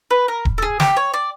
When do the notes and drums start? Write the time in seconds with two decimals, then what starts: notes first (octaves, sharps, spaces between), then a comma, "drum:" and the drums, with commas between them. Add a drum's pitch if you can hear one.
0.11 B4
0.28 A#4
0.45 drum: kick D#1
0.58 A4
0.62 G#4
0.80 G4, drum: snare
0.97 C#5
1.14 D5